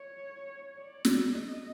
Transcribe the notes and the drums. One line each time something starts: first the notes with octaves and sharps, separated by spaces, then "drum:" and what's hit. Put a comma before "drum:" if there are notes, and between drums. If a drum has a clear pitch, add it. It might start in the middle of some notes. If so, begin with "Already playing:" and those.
Already playing: C#5
D5
drum: snare
D#5